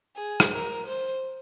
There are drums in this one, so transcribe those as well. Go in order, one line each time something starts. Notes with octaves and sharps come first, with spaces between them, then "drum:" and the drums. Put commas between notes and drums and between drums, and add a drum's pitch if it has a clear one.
G#4
drum: rim click
A#4
C5